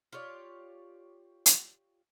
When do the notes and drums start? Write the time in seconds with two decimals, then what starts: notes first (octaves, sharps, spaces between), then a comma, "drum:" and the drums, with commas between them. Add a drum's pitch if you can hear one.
0.12 F4 G4 C#5 D5
1.46 drum: hi-hat